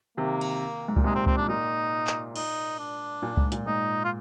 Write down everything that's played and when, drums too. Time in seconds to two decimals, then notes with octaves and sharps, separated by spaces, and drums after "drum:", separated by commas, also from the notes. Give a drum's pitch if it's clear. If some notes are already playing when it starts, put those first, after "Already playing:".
0.17 C3 D#3 A#3
0.41 drum: cymbal
0.88 G#2
0.96 A#2, drum: kick C#2
1.04 G#2 C3 G#3
1.15 C4
1.26 C4, drum: kick C#2
1.37 D4
1.48 A#2 D#4
2.07 drum: clap
2.36 D#4, drum: cymbal
2.79 D4
3.22 A#2
3.37 G#2, drum: kick C#2
3.52 A#2, drum: hi-hat
3.66 G#2 D#4
4.04 F4